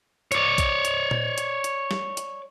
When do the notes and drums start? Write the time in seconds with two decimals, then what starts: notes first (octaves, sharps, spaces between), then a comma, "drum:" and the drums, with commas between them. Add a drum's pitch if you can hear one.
0.32 C#5 D5, drum: hi-hat
0.58 drum: kick A#1, hi-hat
0.85 drum: hi-hat
1.11 drum: tom A#2
1.38 drum: hi-hat
1.64 drum: hi-hat
1.91 drum: snare
2.17 drum: hi-hat